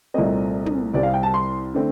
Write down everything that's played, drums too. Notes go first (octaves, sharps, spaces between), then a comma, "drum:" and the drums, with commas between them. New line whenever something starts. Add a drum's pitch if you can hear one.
C2 A#2 A3 C4 D#5
drum: tom
C2 C3 G3 C4 D5
F5
G5
A5
C6
D3 A3 C4